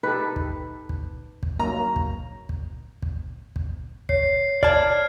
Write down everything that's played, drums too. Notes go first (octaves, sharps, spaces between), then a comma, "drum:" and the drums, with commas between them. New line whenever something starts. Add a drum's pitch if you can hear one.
D#4 G4 A4 B4
drum: kick
drum: kick
drum: kick
F#3 A#3 A#5
drum: kick
drum: kick
drum: kick
drum: kick
C#5 C7, drum: kick
D5 A5 F6 G#6, drum: kick